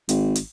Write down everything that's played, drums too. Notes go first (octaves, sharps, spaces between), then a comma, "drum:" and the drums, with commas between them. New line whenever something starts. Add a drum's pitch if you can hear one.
G#1, drum: hi-hat
drum: hi-hat